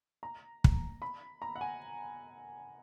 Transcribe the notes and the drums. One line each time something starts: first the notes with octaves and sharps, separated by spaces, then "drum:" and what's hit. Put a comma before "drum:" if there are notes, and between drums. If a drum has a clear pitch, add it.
A#5
drum: kick
B5
A#5
F#5
G#5